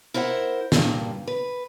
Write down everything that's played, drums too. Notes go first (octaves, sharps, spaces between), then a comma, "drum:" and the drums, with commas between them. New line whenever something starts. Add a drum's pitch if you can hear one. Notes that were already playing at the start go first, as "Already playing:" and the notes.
E4 A#4 C5 E5 F#5
G2 A#2, drum: snare
B4